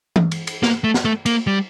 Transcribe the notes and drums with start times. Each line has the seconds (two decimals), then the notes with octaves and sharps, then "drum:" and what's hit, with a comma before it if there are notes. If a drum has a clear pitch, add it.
0.16 drum: tom E3
0.31 drum: cymbal
0.47 drum: cymbal
0.63 A#3, drum: snare
0.84 A3
0.94 drum: snare
1.05 A3
1.26 A#3, drum: cymbal
1.47 G3